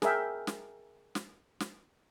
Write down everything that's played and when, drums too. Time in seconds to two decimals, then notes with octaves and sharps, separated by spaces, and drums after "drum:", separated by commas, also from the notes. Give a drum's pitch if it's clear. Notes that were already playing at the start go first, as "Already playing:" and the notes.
0.02 G#4 A#4 E5 G5, drum: snare
0.47 drum: snare
1.15 drum: snare
1.60 drum: snare